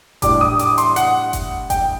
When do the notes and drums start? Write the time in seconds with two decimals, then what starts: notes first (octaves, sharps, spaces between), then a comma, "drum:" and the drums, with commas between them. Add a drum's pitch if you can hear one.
0.22 A2 G3 D4 D6, drum: kick F#1, hi-hat
0.41 D#6
0.59 D6, drum: hi-hat
0.78 C6, drum: hi-hat
0.96 F#5, drum: hi-hat
1.33 drum: kick F#1, hi-hat
1.70 G5, drum: kick F#1, hi-hat